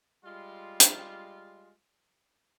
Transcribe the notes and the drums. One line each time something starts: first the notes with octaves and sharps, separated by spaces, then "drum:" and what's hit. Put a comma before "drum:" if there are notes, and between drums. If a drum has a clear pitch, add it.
G3 G#3 F4
drum: hi-hat